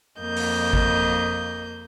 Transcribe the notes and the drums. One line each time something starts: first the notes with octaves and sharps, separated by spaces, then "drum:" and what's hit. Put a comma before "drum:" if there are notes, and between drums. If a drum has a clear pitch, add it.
F2 A#3 D#5 G6
drum: open hi-hat
drum: kick G#1